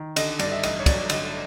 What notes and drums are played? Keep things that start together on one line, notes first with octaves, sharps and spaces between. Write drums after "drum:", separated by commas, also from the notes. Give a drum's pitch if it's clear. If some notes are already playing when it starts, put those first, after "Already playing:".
Already playing: D#3
D3 D#5, drum: cymbal
G2 D5, drum: cymbal
E5
A1 D#5, drum: cymbal
C#5
F#3 D5, drum: kick, cymbal
D3 D#5, drum: cymbal